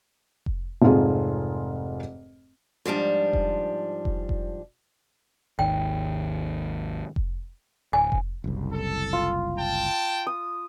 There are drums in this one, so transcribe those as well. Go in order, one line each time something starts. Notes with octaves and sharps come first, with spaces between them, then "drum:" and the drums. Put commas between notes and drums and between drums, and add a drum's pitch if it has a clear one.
drum: kick F1
F1 G#2 F4 G#4
G#2 F3 G3 D4
drum: kick F1
drum: kick F1
drum: kick F1
G#1 D#2 D#3 G5
drum: kick F1
D1 G#5
drum: kick F1
F#1 C2
A4
F4
G5 A5
D#6